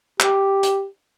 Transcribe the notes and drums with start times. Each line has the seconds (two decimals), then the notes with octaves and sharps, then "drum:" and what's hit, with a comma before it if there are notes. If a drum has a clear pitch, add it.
0.20 G4, drum: clap
0.63 drum: hi-hat